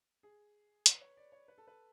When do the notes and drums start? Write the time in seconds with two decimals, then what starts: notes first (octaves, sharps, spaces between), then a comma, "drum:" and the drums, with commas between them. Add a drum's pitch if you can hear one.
0.23 G#4
0.86 B4, drum: hi-hat
1.01 C#5
1.17 D5
1.32 C#5
1.48 B4
1.58 A4
1.67 B4